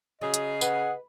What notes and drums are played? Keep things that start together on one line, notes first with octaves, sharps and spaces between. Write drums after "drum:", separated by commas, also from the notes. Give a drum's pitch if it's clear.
C#3 F#3 G#4 D#5
drum: hi-hat
B4 F#5, drum: tambourine